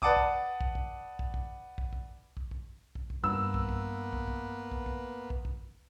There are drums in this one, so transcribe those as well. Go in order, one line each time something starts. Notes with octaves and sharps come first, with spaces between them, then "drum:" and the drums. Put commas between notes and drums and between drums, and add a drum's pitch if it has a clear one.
B4 D5 F#5 A5 D6 D#6, drum: kick
drum: kick
drum: kick
drum: kick
drum: kick
drum: kick
drum: kick
drum: kick
drum: kick
drum: kick
drum: kick
drum: kick
G2 A#3 B3 B4 E6
drum: kick
drum: kick
drum: kick
drum: kick
drum: kick
drum: kick
drum: kick
drum: kick